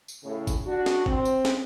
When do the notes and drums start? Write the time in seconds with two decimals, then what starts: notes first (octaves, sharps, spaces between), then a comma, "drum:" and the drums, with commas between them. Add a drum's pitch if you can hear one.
0.08 drum: tambourine
0.24 A2 C#3
0.47 drum: kick, tambourine
0.67 D4 F#4
0.86 drum: snare
1.06 C4, drum: kick
1.25 drum: tambourine
1.45 drum: snare